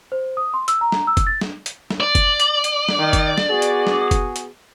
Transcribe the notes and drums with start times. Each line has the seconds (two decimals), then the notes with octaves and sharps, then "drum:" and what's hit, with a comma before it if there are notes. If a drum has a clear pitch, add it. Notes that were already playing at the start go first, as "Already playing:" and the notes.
0.12 C5
0.37 D#6
0.54 C6
0.68 E6, drum: hi-hat
0.81 A#5
0.92 drum: snare
1.07 E6
1.17 drum: kick F#1, hi-hat
1.27 A6
1.41 drum: snare
1.66 drum: hi-hat
1.90 drum: snare
2.00 D5
2.15 drum: kick F#1, hi-hat
2.40 drum: hi-hat
2.64 drum: hi-hat
2.89 drum: snare
2.99 D#3
3.13 drum: kick F#1, hi-hat
3.38 drum: snare
3.50 B3 F#4 G#4
3.62 drum: hi-hat
3.87 drum: snare
4.11 drum: kick F#1, hi-hat
4.36 drum: hi-hat